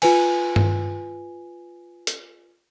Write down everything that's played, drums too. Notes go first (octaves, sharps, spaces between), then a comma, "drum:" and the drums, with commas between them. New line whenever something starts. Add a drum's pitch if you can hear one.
F4 B4 G#5, drum: cymbal
drum: tom G2
drum: hi-hat